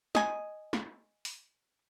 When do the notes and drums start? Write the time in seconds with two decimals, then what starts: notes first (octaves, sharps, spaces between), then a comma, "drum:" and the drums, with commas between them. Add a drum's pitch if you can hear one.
0.15 D#5 G#5, drum: snare
0.73 drum: snare
1.25 drum: open hi-hat